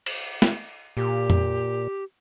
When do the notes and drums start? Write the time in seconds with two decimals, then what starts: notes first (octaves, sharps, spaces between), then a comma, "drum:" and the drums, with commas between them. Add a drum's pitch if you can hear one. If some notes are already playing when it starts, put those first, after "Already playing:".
0.06 drum: cymbal
0.42 drum: snare
0.97 A#2 G4
1.30 drum: tom F2